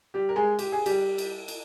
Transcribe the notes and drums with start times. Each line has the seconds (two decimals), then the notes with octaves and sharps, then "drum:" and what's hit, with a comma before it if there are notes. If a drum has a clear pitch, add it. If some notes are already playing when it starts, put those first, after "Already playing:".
0.14 G3 G4
0.29 A#4
0.36 G#3 G#4
0.59 G4, drum: cymbal
0.72 G#4
0.86 G3 G4, drum: cymbal
1.18 drum: cymbal
1.48 drum: cymbal